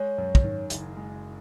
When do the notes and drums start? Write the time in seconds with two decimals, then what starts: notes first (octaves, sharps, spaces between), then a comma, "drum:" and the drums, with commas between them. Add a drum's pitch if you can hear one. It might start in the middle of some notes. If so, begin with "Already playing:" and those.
Already playing: G#3 C#5
0.18 F#2
0.35 drum: kick
0.44 D#3
0.70 F#1, drum: hi-hat
0.97 G#3